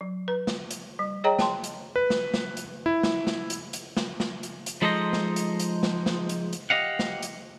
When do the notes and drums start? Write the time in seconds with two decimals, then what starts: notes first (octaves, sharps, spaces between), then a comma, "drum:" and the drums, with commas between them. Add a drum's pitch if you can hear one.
0.01 F#3
0.28 B4
0.47 drum: snare
0.71 drum: hi-hat
0.99 G3
1.24 G#4 C#5 D#5 G5 A#5
1.39 G5 A5 C6, drum: snare
1.64 drum: hi-hat
1.96 B4
2.10 drum: snare
2.34 drum: snare
2.57 drum: hi-hat
2.86 E4
3.03 drum: snare
3.27 drum: snare
3.50 drum: hi-hat
3.73 drum: hi-hat
3.97 drum: snare
4.20 drum: snare
4.43 drum: hi-hat
4.66 drum: hi-hat
4.82 F3 G#3 D#4 A4 C5 D#5
5.13 drum: snare
5.36 drum: hi-hat
5.60 drum: hi-hat
5.83 drum: snare
6.06 drum: snare
6.29 drum: hi-hat
6.53 drum: hi-hat
6.70 G4 D#5 F5 F#5
6.99 drum: snare
7.23 drum: hi-hat